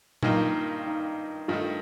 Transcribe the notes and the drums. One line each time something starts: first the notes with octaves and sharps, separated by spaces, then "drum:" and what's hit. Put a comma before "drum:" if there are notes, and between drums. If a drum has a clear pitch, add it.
G2 D#3 A#3 D#4 F4, drum: tom A#2
D#4
G2 D#3 A3 F4